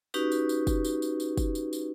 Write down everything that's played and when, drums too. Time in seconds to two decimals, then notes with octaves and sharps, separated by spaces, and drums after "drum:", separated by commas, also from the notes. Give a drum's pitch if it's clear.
0.14 C#4 D#4 F#4 G4 B4, drum: tambourine
0.32 drum: tambourine
0.49 drum: tambourine
0.67 drum: kick, tambourine
0.85 drum: tambourine
1.02 drum: tambourine
1.20 drum: tambourine
1.37 drum: kick, tambourine
1.55 drum: tambourine
1.73 drum: tambourine